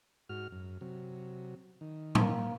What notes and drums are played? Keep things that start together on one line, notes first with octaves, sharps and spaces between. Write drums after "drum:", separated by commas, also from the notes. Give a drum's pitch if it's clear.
G#2 F#4 F6
F#2
C3 F#3
D#3
A#3, drum: tom